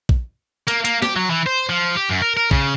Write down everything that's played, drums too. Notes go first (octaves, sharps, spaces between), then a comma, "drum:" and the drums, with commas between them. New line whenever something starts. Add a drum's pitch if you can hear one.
drum: kick
A#3, drum: hi-hat
A#3, drum: hi-hat
G4, drum: snare
F#3
E3
C5
F3
G4
F#2
A#4
A#4
C#3, drum: kick